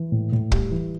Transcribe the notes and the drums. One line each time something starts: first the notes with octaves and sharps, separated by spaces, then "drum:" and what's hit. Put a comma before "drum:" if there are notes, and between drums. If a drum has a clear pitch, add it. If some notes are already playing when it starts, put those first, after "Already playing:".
Already playing: E3
A2
A2
G3, drum: kick
E3